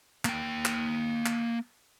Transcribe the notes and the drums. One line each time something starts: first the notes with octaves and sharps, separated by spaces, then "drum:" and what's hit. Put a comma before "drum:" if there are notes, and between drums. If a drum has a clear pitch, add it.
A#3 G5, drum: clap
drum: clap
drum: clap